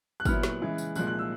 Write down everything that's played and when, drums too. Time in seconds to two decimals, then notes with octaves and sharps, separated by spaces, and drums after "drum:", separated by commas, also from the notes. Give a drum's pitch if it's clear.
0.20 F#6
0.25 A#2 F#3 B3 E4 F6, drum: kick, tambourine
0.43 drum: snare
0.60 C#3 E3 G#3
0.78 drum: tambourine
0.95 C2 A#2 F3 G#3 F#6, drum: tambourine
1.07 F#6
1.19 E6